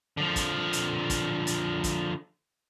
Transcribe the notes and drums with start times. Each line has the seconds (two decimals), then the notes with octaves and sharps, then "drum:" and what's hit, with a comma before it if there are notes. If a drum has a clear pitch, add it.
0.17 D3 F3
0.36 drum: kick, hi-hat
0.73 drum: hi-hat
1.10 drum: kick, hi-hat
1.47 drum: hi-hat
1.84 drum: kick, hi-hat